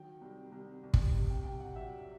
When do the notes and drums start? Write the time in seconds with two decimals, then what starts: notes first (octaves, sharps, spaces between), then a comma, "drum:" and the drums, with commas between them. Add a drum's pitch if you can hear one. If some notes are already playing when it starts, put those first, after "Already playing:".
Already playing: D#3 F#3 G5
0.21 C2
0.52 C2
0.83 C2
0.94 drum: kick
1.15 C3
1.30 G5
1.45 C3 G5
1.60 F#5
1.76 F#3 E5